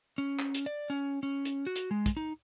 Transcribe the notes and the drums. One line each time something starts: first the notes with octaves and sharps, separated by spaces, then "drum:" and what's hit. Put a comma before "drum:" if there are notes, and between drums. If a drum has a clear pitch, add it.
C#4
drum: clap
drum: hi-hat
D5
C#4
C#4
drum: hi-hat
F#4
drum: hi-hat
G#3
drum: kick, hi-hat
D#4